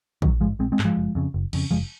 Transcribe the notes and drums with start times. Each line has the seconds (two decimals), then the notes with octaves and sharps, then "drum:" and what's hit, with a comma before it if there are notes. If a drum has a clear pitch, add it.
0.22 A#1 D#3 F#3, drum: kick
0.41 G#2 F3 G#3
0.59 A#1 G#3 C4
0.72 G#3 C4
0.79 G#2, drum: clap
0.85 F3 G#3
0.97 F#1
1.15 F2 C#3
1.34 F#1
1.53 F2 C#3, drum: cymbal
1.71 F#1 F3 G#3